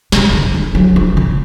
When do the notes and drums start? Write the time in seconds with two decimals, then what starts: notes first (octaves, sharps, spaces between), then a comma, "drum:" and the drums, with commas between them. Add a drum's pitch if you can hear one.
0.12 C#3, drum: snare
0.33 D#3
0.55 D#3
0.75 F#3
0.96 F3
1.17 C#3